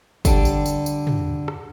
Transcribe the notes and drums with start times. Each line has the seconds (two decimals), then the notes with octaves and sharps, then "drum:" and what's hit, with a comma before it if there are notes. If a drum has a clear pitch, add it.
0.25 D3 G3 D4, drum: kick, tambourine
0.45 drum: tambourine
0.66 drum: tambourine
0.86 drum: tambourine
1.07 drum: tom
1.48 drum: rim click